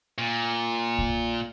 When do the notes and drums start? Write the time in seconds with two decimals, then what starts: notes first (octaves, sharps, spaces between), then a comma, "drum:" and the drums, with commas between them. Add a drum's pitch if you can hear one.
0.18 A#2
0.98 drum: kick